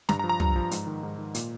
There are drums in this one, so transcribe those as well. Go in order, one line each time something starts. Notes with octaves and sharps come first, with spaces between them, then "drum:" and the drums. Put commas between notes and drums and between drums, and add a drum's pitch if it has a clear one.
G2 A#5, drum: snare
A#5
F3
A#5
G2, drum: tom
F3
G#2, drum: hi-hat
D#3
G#2
D#3
A#2, drum: hi-hat